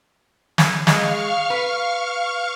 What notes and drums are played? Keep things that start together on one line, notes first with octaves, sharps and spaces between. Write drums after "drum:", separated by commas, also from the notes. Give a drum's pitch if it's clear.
drum: snare
G#3 F5 C#6 F6, drum: snare
B4